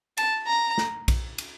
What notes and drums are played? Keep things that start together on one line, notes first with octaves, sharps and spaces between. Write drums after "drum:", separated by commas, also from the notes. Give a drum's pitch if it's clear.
A5, drum: cymbal
A#5
drum: snare
drum: kick, cymbal
drum: cymbal